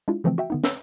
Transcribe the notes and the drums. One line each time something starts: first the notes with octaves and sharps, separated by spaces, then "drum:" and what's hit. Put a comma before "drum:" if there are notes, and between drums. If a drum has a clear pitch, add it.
G#3 D4 E4 F4
C#3 E3 F3 A3 C4
F#4 E5 G5
D3 B3 D#4
B4 E6 G6, drum: snare